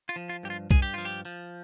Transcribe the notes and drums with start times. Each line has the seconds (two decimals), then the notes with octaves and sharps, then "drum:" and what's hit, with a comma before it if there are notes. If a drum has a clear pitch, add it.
0.09 F4
0.16 F3
0.29 F4
0.43 G2 G4
0.50 F4
0.71 G2 G#4, drum: kick B1
0.82 G4
0.94 F3 F4
1.05 G4
1.25 F3